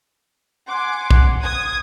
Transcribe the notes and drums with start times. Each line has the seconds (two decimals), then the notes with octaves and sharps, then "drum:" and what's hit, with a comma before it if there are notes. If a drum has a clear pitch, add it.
0.68 F#5 G#5 C6 D6
1.10 drum: kick A#1
1.44 D#6 G#6